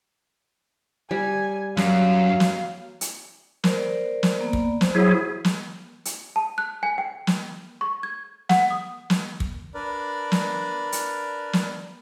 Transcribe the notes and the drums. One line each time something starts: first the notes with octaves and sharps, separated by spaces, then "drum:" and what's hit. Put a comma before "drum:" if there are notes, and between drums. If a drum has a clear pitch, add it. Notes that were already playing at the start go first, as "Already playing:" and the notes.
G3 G#5
F#2 F#3 F5, drum: snare
drum: snare
drum: hi-hat
A#4 C5 D5, drum: snare
drum: snare
A#3 B3 D5
drum: kick
C5, drum: snare
F#3 E4 G#4
drum: snare
drum: hi-hat
A5
F#6
G#5
G5
drum: snare
C#6
G#6
F#5, drum: snare
D#6
drum: snare
drum: kick
D4 A#4 B4 D5
drum: snare
drum: hi-hat
drum: snare